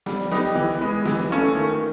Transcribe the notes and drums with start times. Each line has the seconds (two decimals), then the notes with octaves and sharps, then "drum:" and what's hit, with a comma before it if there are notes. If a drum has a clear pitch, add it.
0.06 G3, drum: snare
0.31 B3 D#4 G4, drum: snare
0.55 E3
0.81 G#3 B3
1.05 E3, drum: snare
1.31 A3 C#4 F4
1.55 D#3